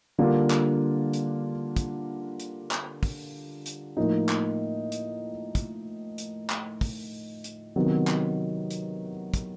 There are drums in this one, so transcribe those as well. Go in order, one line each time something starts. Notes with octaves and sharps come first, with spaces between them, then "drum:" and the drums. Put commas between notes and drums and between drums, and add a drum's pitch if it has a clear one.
D3 G3 A#3 D4 F4
drum: clap
drum: hi-hat
drum: kick, hi-hat
drum: hi-hat
drum: clap
drum: kick, open hi-hat
drum: hi-hat
A2 F3 A#3 D#4
drum: clap
drum: hi-hat
drum: kick, hi-hat
drum: hi-hat
drum: clap
drum: kick, open hi-hat
drum: hi-hat
C3 D#3 F#3 B3
drum: clap
drum: hi-hat
drum: kick, hi-hat